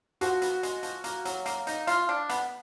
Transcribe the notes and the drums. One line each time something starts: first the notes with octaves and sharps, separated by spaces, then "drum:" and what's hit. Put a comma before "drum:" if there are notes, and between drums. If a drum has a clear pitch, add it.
F3 F#4, drum: hi-hat
B3, drum: hi-hat
G#3, drum: hi-hat
F3, drum: hi-hat
A#3, drum: hi-hat
F#3, drum: hi-hat
A#3, drum: hi-hat
D#4, drum: hi-hat
F4, drum: hi-hat
D4
B3, drum: hi-hat